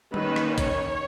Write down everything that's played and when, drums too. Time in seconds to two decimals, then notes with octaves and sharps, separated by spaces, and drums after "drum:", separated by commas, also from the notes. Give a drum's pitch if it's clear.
0.14 D#3 A#3 C#4 B4, drum: tom G3
0.36 drum: rim click
0.58 C#5, drum: kick, hi-hat